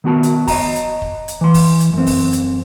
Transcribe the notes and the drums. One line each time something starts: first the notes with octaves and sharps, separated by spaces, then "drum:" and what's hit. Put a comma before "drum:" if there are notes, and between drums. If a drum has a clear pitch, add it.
D#3 B3 F#4 A5
drum: hi-hat
C#5 D#5 F5 G#5 A#5, drum: kick, open hi-hat
drum: hi-hat
drum: kick
drum: hi-hat
E3 C6
drum: kick, open hi-hat
drum: hi-hat
F#2 C4
drum: kick, open hi-hat
drum: hi-hat